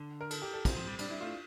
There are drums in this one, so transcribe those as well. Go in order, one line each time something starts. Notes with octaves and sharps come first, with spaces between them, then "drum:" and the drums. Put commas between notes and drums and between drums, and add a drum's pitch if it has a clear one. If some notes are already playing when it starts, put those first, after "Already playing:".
Already playing: D3
A#4
A4, drum: cymbal
G4
A4
C4, drum: kick, cymbal
F3
G3
G3 D4, drum: cymbal
G3 E4
A3 F4